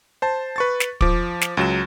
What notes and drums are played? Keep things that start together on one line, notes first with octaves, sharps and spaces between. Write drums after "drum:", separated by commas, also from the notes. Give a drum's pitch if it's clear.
C5 A5
B4 C#6 A6
drum: snare
F3 D6, drum: kick
drum: snare
C#2 F#3 E7